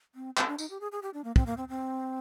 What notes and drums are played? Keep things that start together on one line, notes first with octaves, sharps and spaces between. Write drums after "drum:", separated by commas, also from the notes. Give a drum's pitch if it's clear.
C4
C4, drum: clap
D4
D#4, drum: tambourine
G4
G#4
G#4
G4
D4
A#3
C4, drum: kick
A#3
C4
C4